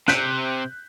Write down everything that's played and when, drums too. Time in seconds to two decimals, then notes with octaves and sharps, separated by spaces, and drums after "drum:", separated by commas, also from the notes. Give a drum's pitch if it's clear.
0.08 C3 F#6 G6 B6, drum: snare